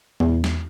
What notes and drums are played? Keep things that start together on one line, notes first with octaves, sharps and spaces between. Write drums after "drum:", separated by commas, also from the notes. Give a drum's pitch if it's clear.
E2, drum: tom A#2
drum: snare